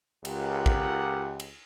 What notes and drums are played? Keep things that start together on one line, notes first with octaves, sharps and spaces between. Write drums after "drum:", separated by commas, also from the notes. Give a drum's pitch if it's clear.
C#2 F4 G4 A#4 F#5, drum: cymbal
drum: kick
drum: cymbal